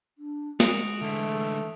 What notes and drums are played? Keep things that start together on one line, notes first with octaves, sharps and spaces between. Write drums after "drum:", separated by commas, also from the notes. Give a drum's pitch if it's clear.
D4
G#3 F#4 D#6 D7 F7, drum: snare
D3 E3 A3